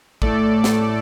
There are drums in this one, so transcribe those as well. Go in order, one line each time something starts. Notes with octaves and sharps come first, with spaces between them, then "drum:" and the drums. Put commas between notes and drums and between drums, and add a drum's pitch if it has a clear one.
A2 A3 A4 D5, drum: kick
drum: snare